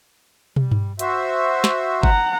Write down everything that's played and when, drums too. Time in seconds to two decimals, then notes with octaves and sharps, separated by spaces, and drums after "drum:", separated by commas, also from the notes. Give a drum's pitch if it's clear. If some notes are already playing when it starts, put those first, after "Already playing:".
0.56 G3, drum: tom
0.71 drum: tom G2
0.99 F#4 C5 E5, drum: hi-hat
1.64 drum: snare
2.03 F#5 A#5, drum: kick G1